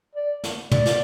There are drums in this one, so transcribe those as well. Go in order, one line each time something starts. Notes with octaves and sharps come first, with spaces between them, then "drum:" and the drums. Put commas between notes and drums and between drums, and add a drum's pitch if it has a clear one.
D5
drum: snare
D5, drum: tom
drum: snare